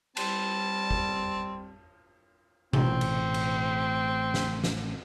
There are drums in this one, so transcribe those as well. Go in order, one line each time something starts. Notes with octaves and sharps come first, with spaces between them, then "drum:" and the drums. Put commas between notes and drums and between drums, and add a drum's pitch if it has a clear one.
G3 C4 A5, drum: cymbal
drum: kick
A1 A2 C4, drum: tom B2
drum: cymbal
drum: cymbal
drum: snare
drum: snare